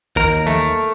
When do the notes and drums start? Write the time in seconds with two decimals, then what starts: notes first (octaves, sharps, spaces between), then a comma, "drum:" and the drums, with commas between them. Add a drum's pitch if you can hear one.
0.16 D#2 A#4, drum: kick
0.47 A3, drum: snare